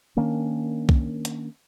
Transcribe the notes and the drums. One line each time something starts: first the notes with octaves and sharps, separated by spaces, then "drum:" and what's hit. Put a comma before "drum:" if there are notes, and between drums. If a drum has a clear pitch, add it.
D#3 A#3 C#4 D4
drum: kick C2
drum: hi-hat